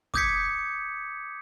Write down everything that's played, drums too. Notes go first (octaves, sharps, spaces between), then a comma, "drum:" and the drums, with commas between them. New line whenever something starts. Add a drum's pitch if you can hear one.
D6 D#6 G6 G#6 B6 C#7, drum: kick